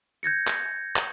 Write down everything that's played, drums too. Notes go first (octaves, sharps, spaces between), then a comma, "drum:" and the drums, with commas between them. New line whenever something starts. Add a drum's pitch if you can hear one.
G6 G#6 A#6 C#7
drum: clap
drum: clap